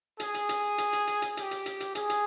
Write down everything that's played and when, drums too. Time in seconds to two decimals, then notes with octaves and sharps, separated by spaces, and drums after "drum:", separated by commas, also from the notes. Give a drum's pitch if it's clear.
0.20 G#4, drum: hi-hat
0.34 drum: hi-hat
0.49 drum: hi-hat
0.78 drum: hi-hat
0.93 drum: hi-hat
1.07 drum: hi-hat
1.22 drum: hi-hat
1.37 G4, drum: hi-hat
1.51 drum: hi-hat
1.66 drum: hi-hat
1.80 drum: hi-hat
1.95 G#4, drum: hi-hat
2.10 drum: hi-hat